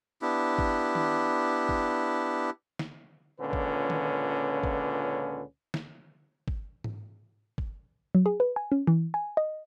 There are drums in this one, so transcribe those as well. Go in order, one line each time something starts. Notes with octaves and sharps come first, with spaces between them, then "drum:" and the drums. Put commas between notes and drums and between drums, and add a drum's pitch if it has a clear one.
B3 D4 E4 G4
drum: kick
drum: tom D#3
drum: kick
drum: snare
C#2 A#2 D3 C#4 B4
drum: kick
drum: tom D#3
drum: kick
drum: snare
drum: kick
drum: tom G#2
drum: kick
F#3
G#4
B4
G#5
C#4
E3
G#5
D#5